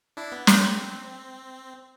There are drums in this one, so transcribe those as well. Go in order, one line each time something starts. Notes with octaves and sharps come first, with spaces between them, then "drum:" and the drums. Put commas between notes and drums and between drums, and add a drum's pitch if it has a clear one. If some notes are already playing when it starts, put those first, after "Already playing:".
D4 E4
B3
C4, drum: snare